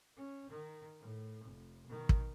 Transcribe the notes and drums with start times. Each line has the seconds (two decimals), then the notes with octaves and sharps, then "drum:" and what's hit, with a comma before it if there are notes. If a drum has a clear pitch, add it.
0.17 C#4
0.49 D#3
1.00 A2
1.45 F1
1.87 B2 D#3
2.09 drum: kick